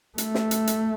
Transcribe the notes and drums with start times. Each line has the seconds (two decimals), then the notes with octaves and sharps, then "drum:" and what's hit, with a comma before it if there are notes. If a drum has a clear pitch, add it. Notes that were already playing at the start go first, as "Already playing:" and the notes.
0.18 A3, drum: hi-hat
0.35 drum: snare
0.51 drum: hi-hat
0.67 drum: hi-hat